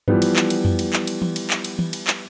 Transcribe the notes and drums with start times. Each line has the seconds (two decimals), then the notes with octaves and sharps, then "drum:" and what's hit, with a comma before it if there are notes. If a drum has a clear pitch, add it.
0.08 E3 F3 G3 B3, drum: tom G2
0.22 drum: cymbal
0.36 drum: clap
0.50 drum: cymbal
0.65 drum: tom F2
0.79 drum: cymbal
0.93 drum: clap
1.07 drum: cymbal
1.22 drum: tom E3
1.36 drum: cymbal
1.50 drum: clap
1.64 drum: cymbal
1.79 drum: tom E3
1.93 drum: cymbal
2.07 drum: clap